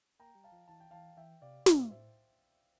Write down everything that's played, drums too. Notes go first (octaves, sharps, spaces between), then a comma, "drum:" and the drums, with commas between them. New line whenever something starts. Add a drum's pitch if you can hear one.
A#3 G5 A#5
G3
F5 A5
F3
E3 A5
G5
E3 F5 A5
E3 E5 G5
C3 D5 F5
A#2 C5 E5, drum: snare
A2 C5 E5